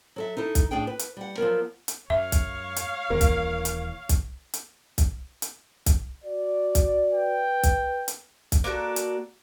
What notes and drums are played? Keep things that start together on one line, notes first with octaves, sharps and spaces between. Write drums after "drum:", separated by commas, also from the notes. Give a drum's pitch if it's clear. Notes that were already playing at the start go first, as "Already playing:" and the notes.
F#3 A4 E5
D#4 E4 A4
drum: kick, hi-hat
A2 D4 G#4 G5
B4
drum: hi-hat
G3 F#5
F3 F#3 B3 A#4
drum: hi-hat
F#2 C#5 E5 F5
drum: kick, hi-hat
drum: hi-hat
D#1 E3 A#3
drum: kick, hi-hat
drum: hi-hat
drum: kick, hi-hat
drum: hi-hat
drum: kick, hi-hat
drum: hi-hat
drum: kick, hi-hat
F#4 D5
drum: kick, hi-hat
B4 G5
drum: kick, hi-hat
drum: hi-hat
drum: kick, hi-hat
A#3 D4 F#4 A4
drum: hi-hat